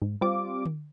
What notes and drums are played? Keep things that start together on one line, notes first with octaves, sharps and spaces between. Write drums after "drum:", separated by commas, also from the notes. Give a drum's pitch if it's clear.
G#2
G3 C4 F4 D6
drum: tom D3